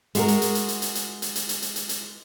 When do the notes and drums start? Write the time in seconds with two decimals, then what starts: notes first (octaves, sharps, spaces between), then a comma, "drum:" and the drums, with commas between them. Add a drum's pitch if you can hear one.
0.15 G#3 F#4 A#4, drum: hi-hat
0.28 drum: hi-hat
0.42 drum: hi-hat
0.55 drum: hi-hat
0.68 drum: hi-hat
0.82 drum: hi-hat
0.95 drum: hi-hat
1.22 drum: hi-hat
1.35 drum: hi-hat
1.49 drum: hi-hat
1.62 drum: hi-hat
1.76 drum: hi-hat
1.89 drum: hi-hat